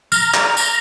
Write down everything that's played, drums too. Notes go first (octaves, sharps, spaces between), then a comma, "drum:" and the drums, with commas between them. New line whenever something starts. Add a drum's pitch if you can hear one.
A#5 F6, drum: tambourine
drum: clap
drum: tambourine